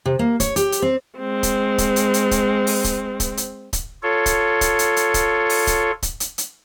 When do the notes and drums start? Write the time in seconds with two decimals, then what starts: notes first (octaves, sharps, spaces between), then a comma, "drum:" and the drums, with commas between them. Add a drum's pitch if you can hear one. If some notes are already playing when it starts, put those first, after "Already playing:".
0.06 C3
0.19 A#3
0.40 C#5, drum: kick D1, hi-hat
0.56 G4, drum: hi-hat
0.72 drum: hi-hat
0.82 C4
1.19 G#3 C4
1.43 drum: kick D1, hi-hat
1.78 drum: kick D1, hi-hat
1.96 drum: hi-hat
2.14 drum: hi-hat
2.31 drum: kick D1, hi-hat
2.67 drum: open hi-hat
2.84 drum: kick D1, hi-hat
3.20 drum: kick D1, hi-hat
3.37 drum: hi-hat
3.73 drum: kick D1, hi-hat
4.03 F4 A4 C#5
4.26 drum: kick D1, hi-hat
4.61 drum: kick D1, hi-hat
4.79 drum: hi-hat
4.96 drum: hi-hat
5.14 drum: kick D1, hi-hat
5.49 drum: open hi-hat
5.67 drum: kick D1, hi-hat
6.02 drum: kick D1, hi-hat
6.20 drum: hi-hat
6.38 drum: hi-hat